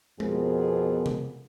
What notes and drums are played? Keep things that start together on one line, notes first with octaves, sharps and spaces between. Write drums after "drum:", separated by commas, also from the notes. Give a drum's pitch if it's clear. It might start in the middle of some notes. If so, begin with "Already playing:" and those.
F2 B2 F3 B3 G#4 A#4, drum: tom G#3
drum: tom